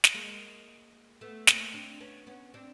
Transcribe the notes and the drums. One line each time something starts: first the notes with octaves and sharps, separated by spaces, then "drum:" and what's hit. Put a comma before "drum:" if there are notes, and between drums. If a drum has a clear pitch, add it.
drum: snare
G#3 A#3
A3 B3
A#3 C4, drum: snare
C4 D4
B3 C#4
B3 C#4
C4 D4